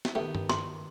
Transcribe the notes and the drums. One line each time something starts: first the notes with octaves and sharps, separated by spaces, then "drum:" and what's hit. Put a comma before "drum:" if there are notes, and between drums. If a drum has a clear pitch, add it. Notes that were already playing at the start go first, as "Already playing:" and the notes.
drum: snare
D#3 A3 B3 G4
drum: tom G2
C6, drum: snare